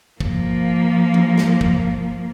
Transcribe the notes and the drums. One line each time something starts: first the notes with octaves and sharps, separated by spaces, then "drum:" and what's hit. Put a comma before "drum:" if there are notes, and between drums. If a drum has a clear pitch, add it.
F3 A#3, drum: kick
drum: tom F3
drum: snare
drum: kick